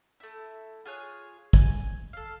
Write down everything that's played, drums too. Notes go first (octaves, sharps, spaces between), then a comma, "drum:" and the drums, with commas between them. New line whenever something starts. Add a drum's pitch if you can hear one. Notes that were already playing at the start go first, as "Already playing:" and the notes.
A3 E4
F4 G#4 C#5 F#6
G#5, drum: kick
A4 F5